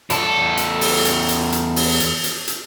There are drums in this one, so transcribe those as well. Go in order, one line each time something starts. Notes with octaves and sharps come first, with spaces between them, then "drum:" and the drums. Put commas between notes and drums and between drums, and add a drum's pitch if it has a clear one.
E2 A4, drum: hi-hat
drum: hi-hat
drum: open hi-hat
drum: hi-hat
drum: hi-hat
drum: hi-hat
drum: open hi-hat
drum: hi-hat
drum: hi-hat
drum: hi-hat